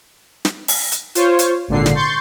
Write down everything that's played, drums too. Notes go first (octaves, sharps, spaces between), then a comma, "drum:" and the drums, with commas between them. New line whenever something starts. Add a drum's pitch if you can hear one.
drum: snare
drum: open hi-hat
drum: hi-hat
F4 C5 C#5, drum: hi-hat
drum: hi-hat
G#1 A#2 D3 C7
drum: snare
C6 C#6 G6 A6